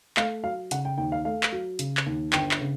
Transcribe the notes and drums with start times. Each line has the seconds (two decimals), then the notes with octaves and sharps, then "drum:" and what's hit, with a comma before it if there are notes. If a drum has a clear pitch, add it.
0.17 A3 F5, drum: clap
0.44 F#3 F5
0.71 C#3 F#5, drum: hi-hat
0.85 G5
0.98 D#2 G5
1.12 F5
1.25 A3 F5
1.43 drum: clap
1.52 F#3
1.79 C#3, drum: hi-hat
1.97 drum: clap
2.06 D#2
2.33 G1 G5, drum: clap
2.51 drum: clap
2.61 C#3